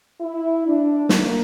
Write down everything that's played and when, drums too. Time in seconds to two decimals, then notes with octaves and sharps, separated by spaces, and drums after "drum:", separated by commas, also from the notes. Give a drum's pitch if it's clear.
0.21 E4
0.66 D4
1.09 A#3, drum: snare